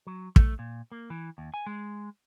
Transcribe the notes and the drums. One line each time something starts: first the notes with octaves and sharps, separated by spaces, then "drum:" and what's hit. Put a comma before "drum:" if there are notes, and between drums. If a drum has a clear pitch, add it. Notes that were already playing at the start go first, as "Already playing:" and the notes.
F#3
A3, drum: kick
A#2
A#3
E3
D#2
G#5
G#3